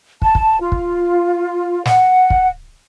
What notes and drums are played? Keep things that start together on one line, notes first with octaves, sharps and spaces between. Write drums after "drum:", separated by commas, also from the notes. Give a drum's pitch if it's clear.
A5, drum: kick
drum: kick
F4
drum: kick
F#5, drum: snare
drum: kick